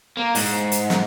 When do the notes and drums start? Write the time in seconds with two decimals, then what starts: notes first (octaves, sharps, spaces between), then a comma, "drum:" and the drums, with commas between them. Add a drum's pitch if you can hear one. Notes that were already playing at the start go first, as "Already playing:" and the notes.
0.17 A#3
0.35 G#2, drum: open hi-hat
0.72 drum: hi-hat
0.90 drum: snare